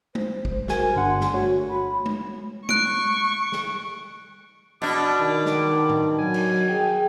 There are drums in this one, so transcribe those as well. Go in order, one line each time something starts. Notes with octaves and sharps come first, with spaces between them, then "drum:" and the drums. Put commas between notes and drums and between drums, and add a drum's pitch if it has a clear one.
C5, drum: tom G#3
drum: kick
F#4 A#4 G#5, drum: snare
G1 D4 F#5 C6
drum: snare
A3 F#4 C#5
B5
drum: tom G#3
C#6 F#6 D7, drum: tom G#3
drum: snare
B2 D4 D6
D#3
drum: snare
drum: tom A2
F#3 G#5
drum: cymbal
G#4 G5